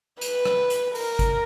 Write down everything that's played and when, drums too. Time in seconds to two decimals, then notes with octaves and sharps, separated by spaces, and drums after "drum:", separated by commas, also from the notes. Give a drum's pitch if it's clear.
0.21 B4, drum: hi-hat
0.45 drum: rim click
0.70 drum: hi-hat
0.95 A#4, drum: open hi-hat
1.19 drum: kick, hi-hat